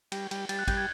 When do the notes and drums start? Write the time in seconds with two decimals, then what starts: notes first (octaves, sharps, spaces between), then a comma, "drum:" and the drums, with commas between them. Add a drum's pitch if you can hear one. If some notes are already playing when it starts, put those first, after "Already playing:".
0.12 G3, drum: cymbal
0.31 G3, drum: cymbal
0.49 G3 A6, drum: cymbal
0.59 F#6
0.68 G3 G6, drum: kick, cymbal
0.77 G#6